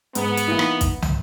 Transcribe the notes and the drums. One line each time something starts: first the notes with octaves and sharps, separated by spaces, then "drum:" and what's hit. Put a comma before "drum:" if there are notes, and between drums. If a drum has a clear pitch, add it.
G#2 B3, drum: hi-hat
drum: hi-hat
E3 A#3 D#4
drum: rim click
drum: kick, hi-hat
drum: tom